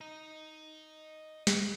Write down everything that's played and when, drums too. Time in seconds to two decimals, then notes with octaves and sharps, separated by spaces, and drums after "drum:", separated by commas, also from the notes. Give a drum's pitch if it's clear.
0.01 D#5 A#5
1.47 drum: snare